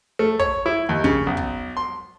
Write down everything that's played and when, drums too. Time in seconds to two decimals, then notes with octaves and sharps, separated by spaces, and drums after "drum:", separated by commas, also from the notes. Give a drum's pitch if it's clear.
0.19 A3
0.39 C#5, drum: kick
0.66 E4
0.89 D#2
1.04 C#3, drum: kick
1.26 B1
1.37 drum: kick
1.77 C6